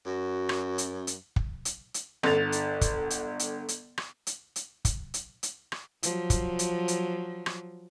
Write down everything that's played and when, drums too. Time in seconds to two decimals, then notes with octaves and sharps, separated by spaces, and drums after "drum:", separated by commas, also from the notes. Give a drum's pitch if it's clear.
0.06 F#2 F#4
0.49 drum: rim click
0.78 drum: hi-hat
1.07 drum: hi-hat
1.36 drum: kick
1.65 drum: hi-hat
1.94 drum: hi-hat
2.23 G1 D3 A6 F7, drum: rim click
2.52 drum: hi-hat
2.81 drum: kick, hi-hat
3.10 drum: hi-hat
3.39 drum: hi-hat
3.68 drum: hi-hat
3.98 drum: rim click
4.27 drum: hi-hat
4.56 drum: hi-hat
4.85 drum: kick, hi-hat
5.14 drum: hi-hat
5.43 drum: hi-hat
5.72 drum: rim click
6.03 F3 F#3, drum: hi-hat
6.30 drum: kick, hi-hat
6.59 drum: hi-hat
6.88 drum: hi-hat
7.46 drum: rim click